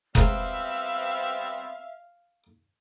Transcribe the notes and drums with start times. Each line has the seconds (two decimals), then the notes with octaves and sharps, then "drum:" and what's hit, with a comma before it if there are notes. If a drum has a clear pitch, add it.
0.15 G3 G#3 B3 C4 A#4 E5 F5 G#5, drum: kick F#1